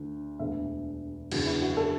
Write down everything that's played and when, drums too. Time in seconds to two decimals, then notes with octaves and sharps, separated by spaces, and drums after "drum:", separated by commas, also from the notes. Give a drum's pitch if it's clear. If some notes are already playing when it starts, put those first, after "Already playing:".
Already playing: D2 D3
0.39 E1 D2 D3 E5
1.31 F#1 E2 D3 F#4, drum: cymbal
1.46 E4
1.62 F#4
1.77 A4